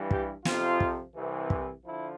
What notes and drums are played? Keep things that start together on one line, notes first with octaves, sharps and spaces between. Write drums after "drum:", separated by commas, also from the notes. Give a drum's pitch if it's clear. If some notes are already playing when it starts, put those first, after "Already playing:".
Already playing: G2 E3 G3
G4, drum: kick
F2 C3 F3 F4, drum: snare
drum: kick
C2 C3 E3
drum: kick
D3 F3 E4